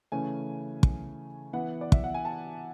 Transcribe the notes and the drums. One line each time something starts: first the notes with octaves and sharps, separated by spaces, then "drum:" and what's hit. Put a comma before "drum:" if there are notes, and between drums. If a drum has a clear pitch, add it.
C#3 E3 A3 C#4 G#5
drum: kick
E3 B3 F#5
D5
E5, drum: kick
F#5
G#5
A5